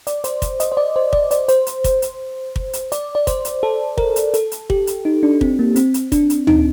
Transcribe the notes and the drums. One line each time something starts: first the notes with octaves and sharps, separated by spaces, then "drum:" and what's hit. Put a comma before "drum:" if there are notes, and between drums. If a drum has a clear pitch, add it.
D5, drum: hi-hat
C5, drum: hi-hat
drum: kick, hi-hat
D#5, drum: hi-hat
C5
D5
C5
D5, drum: kick
D5, drum: hi-hat
C5, drum: hi-hat
drum: hi-hat
drum: kick, hi-hat
drum: hi-hat
drum: kick
drum: hi-hat
D5, drum: hi-hat
D5
C5, drum: kick, hi-hat
drum: hi-hat
A4
A#4, drum: kick
drum: hi-hat
A4, drum: hi-hat
drum: hi-hat
G4, drum: kick
drum: hi-hat
D#4
D4
C4, drum: kick
A#3
C4, drum: hi-hat
drum: hi-hat
D4, drum: kick, hi-hat
drum: hi-hat
D#4, drum: tom